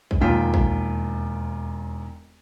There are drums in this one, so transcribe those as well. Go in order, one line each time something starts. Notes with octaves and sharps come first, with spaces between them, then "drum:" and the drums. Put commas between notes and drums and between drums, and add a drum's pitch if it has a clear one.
drum: kick A#1
E1 D#2 F4 G5 B6
drum: kick A#1